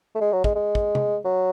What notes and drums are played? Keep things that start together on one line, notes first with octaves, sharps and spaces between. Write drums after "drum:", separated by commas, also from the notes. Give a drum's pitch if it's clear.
A3
G#3
F#3
G#3, drum: kick
G#3
drum: kick
drum: tom
F#3